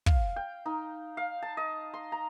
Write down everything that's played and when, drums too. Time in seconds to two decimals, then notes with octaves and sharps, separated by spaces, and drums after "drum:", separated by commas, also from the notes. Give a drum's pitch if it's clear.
0.06 F5, drum: kick
0.36 G5
0.66 D#4
1.17 F5
1.42 A5
1.57 D#5
1.94 C6
2.12 A#5